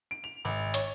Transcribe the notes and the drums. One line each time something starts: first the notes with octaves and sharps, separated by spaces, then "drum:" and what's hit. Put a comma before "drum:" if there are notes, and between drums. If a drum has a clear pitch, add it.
D7
F7
G#1
C#5, drum: hi-hat